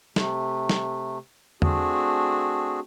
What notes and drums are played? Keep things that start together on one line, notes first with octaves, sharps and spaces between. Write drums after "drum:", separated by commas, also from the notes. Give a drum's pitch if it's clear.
C3 A3, drum: snare
drum: snare
A3 C4 D4 F#4 G#4, drum: tom E2